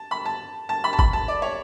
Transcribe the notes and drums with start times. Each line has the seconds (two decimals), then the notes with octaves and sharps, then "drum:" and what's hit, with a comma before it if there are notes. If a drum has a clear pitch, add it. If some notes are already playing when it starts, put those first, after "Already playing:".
Already playing: A5
0.11 B5
0.25 A5
0.69 A5
0.84 B5
0.93 A5
0.99 B5, drum: kick
1.13 A5
1.28 D5
1.42 C#5